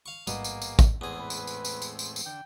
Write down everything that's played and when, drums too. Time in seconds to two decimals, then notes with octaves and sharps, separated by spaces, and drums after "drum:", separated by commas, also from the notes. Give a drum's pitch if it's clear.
0.06 F5 C#6
0.27 A1 G#2 B2 G3 A#3 G#4, drum: tambourine
0.44 drum: tambourine
0.62 drum: tambourine
0.79 drum: kick, tambourine
1.01 E2 A2 G#3 C4 G#4
1.19 B4
1.30 drum: tambourine
1.47 drum: tambourine
1.65 drum: tambourine
1.82 drum: tambourine
1.99 drum: tambourine
2.16 drum: tambourine
2.26 D3 G5